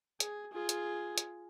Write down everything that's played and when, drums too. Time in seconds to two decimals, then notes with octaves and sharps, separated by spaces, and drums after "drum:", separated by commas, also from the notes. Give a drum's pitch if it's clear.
0.20 G#4, drum: hi-hat
0.53 F4 G#4
0.69 drum: hi-hat
1.18 drum: hi-hat